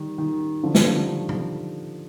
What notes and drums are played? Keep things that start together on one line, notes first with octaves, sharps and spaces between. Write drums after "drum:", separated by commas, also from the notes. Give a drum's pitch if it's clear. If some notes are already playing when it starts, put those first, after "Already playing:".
Already playing: D#3 G3
D#3
D3 F3
D#3 G3, drum: snare
D3 F3
D#3
D#3
drum: tom A#2